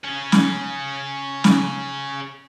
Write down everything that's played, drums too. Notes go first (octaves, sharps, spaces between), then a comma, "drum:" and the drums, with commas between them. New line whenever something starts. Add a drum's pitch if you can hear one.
C#4 G#4
drum: snare
drum: snare